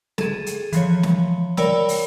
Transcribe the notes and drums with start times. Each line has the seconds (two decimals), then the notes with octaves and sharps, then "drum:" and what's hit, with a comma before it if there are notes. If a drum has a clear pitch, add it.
0.18 G#4 A4, drum: snare
0.46 drum: hi-hat
0.72 E3 F3 C#5, drum: hi-hat
1.03 drum: snare
1.57 A#4 C#5 D5 G5 B5 E6, drum: snare
1.89 drum: open hi-hat